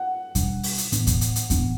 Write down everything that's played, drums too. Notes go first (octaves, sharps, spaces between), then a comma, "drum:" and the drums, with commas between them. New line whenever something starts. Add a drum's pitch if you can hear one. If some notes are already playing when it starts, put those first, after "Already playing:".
Already playing: F#5
B2 G3 D4, drum: kick D#2, hi-hat
drum: open hi-hat
drum: hi-hat
A2 E3 B3 D4, drum: hi-hat
drum: kick D#2, hi-hat
drum: hi-hat
drum: hi-hat
A2 E3 B3 D4, drum: kick D#2, hi-hat